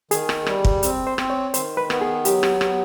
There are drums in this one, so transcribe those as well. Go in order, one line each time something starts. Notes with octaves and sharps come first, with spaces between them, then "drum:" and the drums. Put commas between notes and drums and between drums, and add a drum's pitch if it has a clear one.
D#3 G#4, drum: hi-hat
drum: rim click
G3, drum: rim click
drum: kick
C4, drum: hi-hat
C5
C4, drum: rim click
C#5
D#3 C5, drum: hi-hat
B4
B3, drum: rim click
G#4
F#3 G4, drum: hi-hat
drum: rim click
B3, drum: rim click